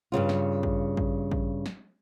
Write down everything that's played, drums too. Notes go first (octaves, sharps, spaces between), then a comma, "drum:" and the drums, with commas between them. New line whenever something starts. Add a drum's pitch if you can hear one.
G2 A#2 C#3 F4
drum: snare
drum: kick A1
drum: kick A1
drum: kick A1
drum: snare